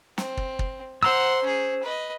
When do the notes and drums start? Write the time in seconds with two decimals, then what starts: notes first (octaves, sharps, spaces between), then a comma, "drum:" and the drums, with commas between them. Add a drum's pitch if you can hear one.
0.18 C4, drum: snare
0.37 drum: kick
0.59 drum: kick
1.03 C5 F#5 A#5 C6 E6
1.43 C#4 G#4
1.83 B4 D#5